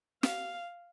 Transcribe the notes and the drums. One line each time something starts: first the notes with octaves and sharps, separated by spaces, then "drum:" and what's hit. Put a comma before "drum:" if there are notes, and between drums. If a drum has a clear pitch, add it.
F5, drum: snare